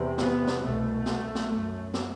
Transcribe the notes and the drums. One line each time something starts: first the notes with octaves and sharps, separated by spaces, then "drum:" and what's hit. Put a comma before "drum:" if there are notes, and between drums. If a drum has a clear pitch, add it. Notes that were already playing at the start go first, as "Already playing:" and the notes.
Already playing: E2 C3
B3, drum: snare
drum: snare
C2 B2 A3
drum: snare
drum: snare
F#2
drum: snare